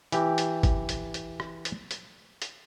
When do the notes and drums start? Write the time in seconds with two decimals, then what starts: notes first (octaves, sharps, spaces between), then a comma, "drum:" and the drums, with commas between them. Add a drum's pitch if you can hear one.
0.12 E3 G4, drum: hi-hat
0.38 drum: hi-hat
0.63 drum: kick G1, hi-hat
0.89 drum: hi-hat
1.14 drum: hi-hat
1.40 drum: rim click
1.65 drum: hi-hat
1.91 drum: hi-hat
2.42 drum: hi-hat